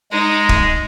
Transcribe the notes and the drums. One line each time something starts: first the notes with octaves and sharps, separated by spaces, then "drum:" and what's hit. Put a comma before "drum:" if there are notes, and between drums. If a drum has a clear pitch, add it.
G#3 D#4
drum: kick D#1